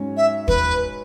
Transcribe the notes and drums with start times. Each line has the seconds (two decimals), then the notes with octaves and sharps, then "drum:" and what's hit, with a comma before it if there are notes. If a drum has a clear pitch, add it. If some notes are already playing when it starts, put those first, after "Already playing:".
Already playing: G#2 F#3 C#4 F#4
0.17 E5
0.48 B4, drum: kick